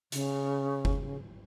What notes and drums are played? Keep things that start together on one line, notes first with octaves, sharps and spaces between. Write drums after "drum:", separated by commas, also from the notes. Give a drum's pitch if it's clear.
C#3, drum: hi-hat
drum: kick F#1